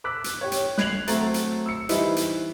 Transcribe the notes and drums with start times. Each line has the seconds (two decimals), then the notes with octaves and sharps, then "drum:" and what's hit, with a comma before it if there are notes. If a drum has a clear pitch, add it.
0.04 D6 E6 F#6 B6
0.24 drum: hi-hat
0.41 G4 C#5
0.52 drum: hi-hat
0.78 F#6 G#6 C7 F7 F#7, drum: snare
1.07 F#3 A3 C4 A#5 A6, drum: hi-hat
1.34 drum: hi-hat
1.66 E6 C#7
1.89 E3 G3 D#4 E4 B4 C5, drum: hi-hat
2.16 drum: hi-hat